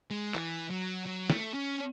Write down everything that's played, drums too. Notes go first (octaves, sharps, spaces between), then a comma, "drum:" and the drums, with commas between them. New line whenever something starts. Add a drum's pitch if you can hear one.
G#3
E3, drum: clap
F#3
F#3
A3, drum: snare
C#4